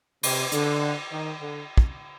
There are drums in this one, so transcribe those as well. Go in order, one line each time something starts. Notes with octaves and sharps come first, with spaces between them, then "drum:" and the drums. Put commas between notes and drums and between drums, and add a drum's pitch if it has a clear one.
C3, drum: cymbal
D3, drum: hi-hat
D#3
D3
drum: kick